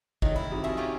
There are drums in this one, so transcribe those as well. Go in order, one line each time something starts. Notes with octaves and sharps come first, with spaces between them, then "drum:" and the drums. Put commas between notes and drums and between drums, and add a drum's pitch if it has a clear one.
D#3 F#3 A3 A4 D#5, drum: kick
E2 E4
F#2 C3 F#3 D#4
F3 A3 E4 G#4 A#4 E5
C#4 F4 G4